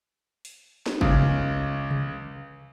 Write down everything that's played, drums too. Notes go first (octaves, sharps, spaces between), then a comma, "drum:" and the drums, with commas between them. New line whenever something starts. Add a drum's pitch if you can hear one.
drum: open hi-hat
drum: snare
C#2 C#3, drum: kick G1
drum: tom C3